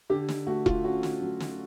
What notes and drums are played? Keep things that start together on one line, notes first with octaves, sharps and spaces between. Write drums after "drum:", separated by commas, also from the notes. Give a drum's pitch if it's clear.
D3 G4
drum: snare
A3 F#4
F4, drum: kick E1
C#4 F#4
drum: snare
F#3
drum: snare